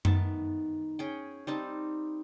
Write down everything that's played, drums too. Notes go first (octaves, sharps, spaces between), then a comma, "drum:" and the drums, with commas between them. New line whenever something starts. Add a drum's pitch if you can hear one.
D#3 B3 E5 A5, drum: tom F#2
C#4 G#4 G5
G3 C4 D#4 A5